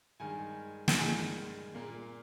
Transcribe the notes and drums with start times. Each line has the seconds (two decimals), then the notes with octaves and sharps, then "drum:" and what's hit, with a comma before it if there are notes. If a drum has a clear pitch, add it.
0.20 G2 D#3 G#3 G#5
0.88 G5, drum: snare
0.97 G2 D#3 G#3 G#5
1.75 A#2 A#3